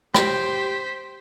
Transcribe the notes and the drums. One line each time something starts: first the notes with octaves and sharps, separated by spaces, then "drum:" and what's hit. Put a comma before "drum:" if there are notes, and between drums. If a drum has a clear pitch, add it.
G4 C5 B6, drum: rim click